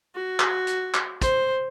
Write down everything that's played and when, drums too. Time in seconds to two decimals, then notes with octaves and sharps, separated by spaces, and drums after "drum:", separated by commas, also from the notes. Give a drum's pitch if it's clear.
0.15 F#4
0.40 drum: clap
0.67 drum: hi-hat
0.94 drum: clap
1.22 C5, drum: kick, hi-hat